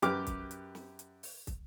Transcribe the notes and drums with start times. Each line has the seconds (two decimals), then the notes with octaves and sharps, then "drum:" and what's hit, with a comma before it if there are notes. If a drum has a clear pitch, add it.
0.02 F#2 G4 B4 D6 F6, drum: hi-hat
0.27 drum: kick, hi-hat
0.51 drum: hi-hat
0.75 drum: snare
0.99 drum: hi-hat
1.23 drum: open hi-hat
1.47 drum: kick, hi-hat